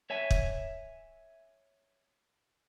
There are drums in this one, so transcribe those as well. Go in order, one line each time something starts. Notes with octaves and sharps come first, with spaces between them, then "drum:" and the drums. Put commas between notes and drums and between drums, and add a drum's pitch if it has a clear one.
C#5 E5 G#5
drum: kick